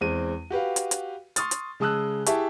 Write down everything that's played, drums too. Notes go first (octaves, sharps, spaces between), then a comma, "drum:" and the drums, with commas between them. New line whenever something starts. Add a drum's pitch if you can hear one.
E2 G#3 C4 D#7
F#4 G4 B4 F5
drum: hi-hat
drum: hi-hat
C6 C#6 D#6 F6 A6, drum: hi-hat
drum: hi-hat
C#3 G#3 A5 D#6 E6 F#6
E4 G4 G#4 E5 A5 C#6, drum: hi-hat